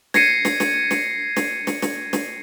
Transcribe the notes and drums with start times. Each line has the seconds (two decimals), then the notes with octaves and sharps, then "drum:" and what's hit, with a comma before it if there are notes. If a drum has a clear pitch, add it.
0.14 G#6 A#6 C7 C#7 D#7, drum: snare
0.45 drum: snare
0.60 drum: snare
0.91 drum: snare
1.37 drum: snare
1.67 drum: snare
1.82 drum: snare
2.13 drum: snare